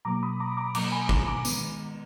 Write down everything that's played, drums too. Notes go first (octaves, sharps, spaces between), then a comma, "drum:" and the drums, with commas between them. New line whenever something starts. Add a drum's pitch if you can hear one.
B2 F#3 A#3 A#5 D6
B5 D#6
A#5 D6
B5
A#5 D6
B2 F#3 A#3 A#5 D6, drum: cymbal
G#5 B5
A#5 D6, drum: kick
A#5 D6
D#3 G#3 B3, drum: tambourine